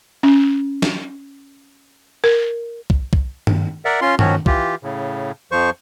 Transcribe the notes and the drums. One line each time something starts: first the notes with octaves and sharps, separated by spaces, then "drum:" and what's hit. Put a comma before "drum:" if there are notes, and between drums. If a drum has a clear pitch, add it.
C#4
drum: snare
A#4
drum: kick
drum: kick
drum: tom G2
A#4 D5 E5 F#5
C#4 F4 C6
D#3 F3 F#3 C#4 F#4, drum: tom G2
E3 F4 G4, drum: kick
A2 C#3
F2 F3 C5 C#6